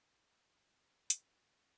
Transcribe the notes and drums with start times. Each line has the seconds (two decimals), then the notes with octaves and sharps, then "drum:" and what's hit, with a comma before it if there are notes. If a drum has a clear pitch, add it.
0.02 D#4 F#4
0.33 E4
0.47 D#4
0.60 C#4 E4
0.94 E4 G#4
1.10 D#4 F#4, drum: hi-hat
1.25 D#4 F#4
1.56 E4 G#4